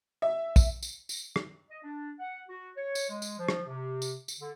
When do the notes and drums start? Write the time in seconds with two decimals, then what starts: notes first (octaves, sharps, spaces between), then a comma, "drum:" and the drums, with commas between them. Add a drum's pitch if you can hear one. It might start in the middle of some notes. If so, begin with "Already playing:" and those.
0.22 E5
0.56 drum: kick, tambourine
0.83 drum: tambourine
1.09 drum: tambourine
1.36 drum: rim click
1.69 D#5
1.83 D4
2.19 F#5
2.48 F#4
2.76 C#5
2.95 drum: tambourine
3.09 G#3
3.22 drum: tambourine
3.38 F3
3.48 drum: rim click
3.66 C3
4.02 drum: tambourine
4.28 drum: tambourine
4.39 D3